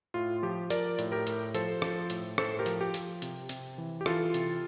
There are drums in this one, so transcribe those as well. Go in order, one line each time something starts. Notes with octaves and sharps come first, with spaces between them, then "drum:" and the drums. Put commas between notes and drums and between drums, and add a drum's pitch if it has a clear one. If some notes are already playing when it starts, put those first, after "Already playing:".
A2 F4
F3 G4
F3 A#4 D5, drum: hi-hat
A2, drum: hi-hat
G4 A#4
A2, drum: hi-hat
F3 A4 C5, drum: hi-hat
F3, drum: rim click
A2, drum: hi-hat
A2 A4 C5, drum: rim click
G4 A#4
F3, drum: hi-hat
G4
F3, drum: hi-hat
C3, drum: hi-hat
C3, drum: hi-hat
E3
G4
E3 F4 A4, drum: rim click
C3, drum: hi-hat